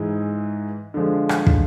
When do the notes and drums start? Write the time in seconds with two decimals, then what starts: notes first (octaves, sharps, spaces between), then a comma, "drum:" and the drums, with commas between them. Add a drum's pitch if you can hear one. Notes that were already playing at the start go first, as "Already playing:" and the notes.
Already playing: G#2 E3 G#3
0.94 D3 F3 G#3
1.29 drum: rim click
1.47 drum: kick